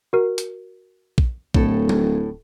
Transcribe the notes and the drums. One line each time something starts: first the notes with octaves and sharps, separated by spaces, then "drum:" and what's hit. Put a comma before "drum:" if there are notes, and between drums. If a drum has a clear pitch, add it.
F#4 A#4
drum: hi-hat
drum: kick A#1
D1 A2 A4, drum: kick A#1
drum: tom F#3